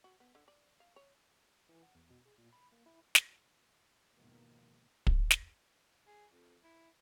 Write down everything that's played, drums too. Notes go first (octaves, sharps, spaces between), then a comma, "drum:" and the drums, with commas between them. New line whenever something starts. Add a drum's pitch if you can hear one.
F#4
B3
D3
D5
F5
C#5
E3
F#5
E2
B2
G#4
A#2
B5
A#3
E4
drum: snare
E2 G#2 B2 D#3 F3 A#3
drum: kick
drum: snare
G#4
F2
E4